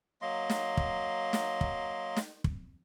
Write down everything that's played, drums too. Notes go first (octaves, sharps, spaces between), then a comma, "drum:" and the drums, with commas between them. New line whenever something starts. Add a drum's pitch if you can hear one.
F#3 A#3 D#5 C6
drum: snare
drum: kick
drum: snare
drum: kick
drum: snare
drum: kick